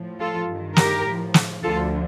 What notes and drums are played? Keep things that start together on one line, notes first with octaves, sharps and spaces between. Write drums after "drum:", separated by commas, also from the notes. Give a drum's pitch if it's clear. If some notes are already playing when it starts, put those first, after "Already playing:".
Already playing: A2 F3
F4 A4
G2 D#3
G4 A#4, drum: snare
A2 F3
drum: snare
D2 D3 F3 F4 A4